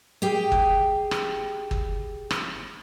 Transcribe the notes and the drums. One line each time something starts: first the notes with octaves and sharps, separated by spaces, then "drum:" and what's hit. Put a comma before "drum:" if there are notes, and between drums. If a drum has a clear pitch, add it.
G4 G#4 G5
drum: kick
drum: rim click
drum: kick
drum: rim click